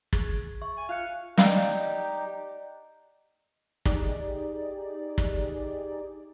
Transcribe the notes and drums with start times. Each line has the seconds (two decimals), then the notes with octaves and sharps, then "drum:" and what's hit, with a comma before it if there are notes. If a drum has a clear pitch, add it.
0.13 G#4 G#6, drum: kick
0.62 E5 C#6
0.77 G#5
0.89 F4 F5 F#6 C#7
1.38 D#4 G4 D5 D#5 F5 F#5, drum: snare
3.85 D#4 G4 G#4 D5, drum: kick
5.18 drum: kick